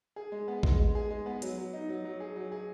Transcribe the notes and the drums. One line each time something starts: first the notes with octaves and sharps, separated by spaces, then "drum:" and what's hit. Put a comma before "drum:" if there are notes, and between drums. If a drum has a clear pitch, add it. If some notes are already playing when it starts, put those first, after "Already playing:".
G#4
G#3
B3
G#3, drum: kick A1
G#3
G#4
G#3
B3
F#3, drum: hi-hat
F#3
D#4
F#3
F#3
G#4
F#3
G#4